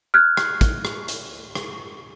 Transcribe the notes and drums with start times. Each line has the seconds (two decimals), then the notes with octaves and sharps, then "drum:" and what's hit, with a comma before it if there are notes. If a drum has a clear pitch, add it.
0.14 F6 F#6 G#6
0.37 drum: rim click
0.61 drum: kick, hi-hat
0.85 drum: rim click
1.08 drum: hi-hat
1.55 drum: rim click